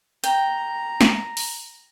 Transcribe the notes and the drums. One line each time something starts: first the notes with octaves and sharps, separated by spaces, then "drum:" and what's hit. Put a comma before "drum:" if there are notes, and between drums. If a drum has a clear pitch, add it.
G5 A#5, drum: hi-hat
drum: snare
drum: open hi-hat